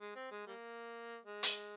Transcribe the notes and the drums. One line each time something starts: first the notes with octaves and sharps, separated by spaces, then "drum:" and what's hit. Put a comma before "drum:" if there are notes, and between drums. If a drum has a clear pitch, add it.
G#3
C4
G#3
G3 A#3
G#3
drum: hi-hat